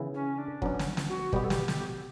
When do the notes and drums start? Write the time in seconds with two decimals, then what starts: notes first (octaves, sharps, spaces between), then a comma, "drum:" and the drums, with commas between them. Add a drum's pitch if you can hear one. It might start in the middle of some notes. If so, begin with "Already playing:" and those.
Already playing: C#3 E3 B3 E4
0.14 C#4
0.38 D4
0.62 F#3 B3 C#4 D4, drum: kick
0.79 drum: snare
0.97 drum: snare
1.09 F#4
1.33 B2 G3 B3 G4, drum: kick
1.44 A4
1.50 G4, drum: snare
1.68 G4, drum: snare